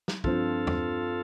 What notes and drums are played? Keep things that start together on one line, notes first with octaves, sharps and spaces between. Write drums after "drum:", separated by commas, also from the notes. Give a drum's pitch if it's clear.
drum: snare
G2 F3 C4 F4 A4, drum: kick
drum: tom E2